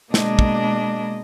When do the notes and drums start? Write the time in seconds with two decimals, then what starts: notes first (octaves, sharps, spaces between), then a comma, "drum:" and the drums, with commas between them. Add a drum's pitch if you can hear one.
0.14 B2 G#3 A#3 D4 D#5, drum: snare
0.39 drum: kick